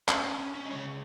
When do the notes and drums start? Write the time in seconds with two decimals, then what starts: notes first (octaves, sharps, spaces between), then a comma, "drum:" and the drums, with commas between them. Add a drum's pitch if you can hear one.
0.08 C#4, drum: clap
0.24 C#4
0.39 C#4
0.55 C#4
0.65 D#5
0.71 C#3 F3 G#3 C#5